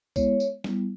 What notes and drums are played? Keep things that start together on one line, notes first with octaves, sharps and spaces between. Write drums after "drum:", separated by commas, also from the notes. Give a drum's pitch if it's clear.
G#3 B3 E4 C#5, drum: kick C2, tambourine
drum: tambourine
G3 B3 E4, drum: snare